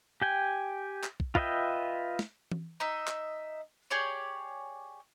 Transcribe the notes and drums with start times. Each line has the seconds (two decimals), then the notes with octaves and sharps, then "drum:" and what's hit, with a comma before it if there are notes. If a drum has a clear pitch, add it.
0.22 G4 G5 G#5
1.04 drum: clap
1.20 drum: kick
1.35 F4 B4 D#5 E5 G5, drum: kick
2.19 drum: snare
2.52 drum: tom E3
2.80 D#4 D#5 E5
3.08 drum: clap
3.91 G4 G#4 C#5 D5